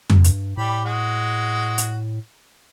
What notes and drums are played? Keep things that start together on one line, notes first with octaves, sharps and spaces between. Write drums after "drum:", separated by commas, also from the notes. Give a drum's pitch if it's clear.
drum: tom F2
G2, drum: hi-hat
A2 G3 G4 B5
G#3 F#4
drum: hi-hat